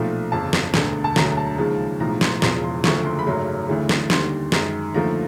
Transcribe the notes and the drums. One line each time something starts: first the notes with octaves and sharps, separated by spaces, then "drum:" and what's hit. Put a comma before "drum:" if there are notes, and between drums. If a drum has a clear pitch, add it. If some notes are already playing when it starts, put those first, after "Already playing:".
Already playing: B1 A#2 F3 A3
G1 F2 C#3 A5
drum: snare
E1 D2 D3, drum: snare
A5
E1 D2 D3 F#3 A#5, drum: snare
A5
D#2 C#3 F3 G#3
B1 A2 F3 G#3 A#5
C6, drum: snare
E1 E2 C#3 F3 C6, drum: snare
C6
F#1 F#2 D3 F3 A3 C#6, drum: snare
C6
B5
G#1 F#2 C#3 F#3 A3 C6
D2 C#3 E3 A3
drum: snare
D#2 D3 G3 C6, drum: snare
F#2 D#3 G#3, drum: snare
D#2 D3 F3 A3 A#5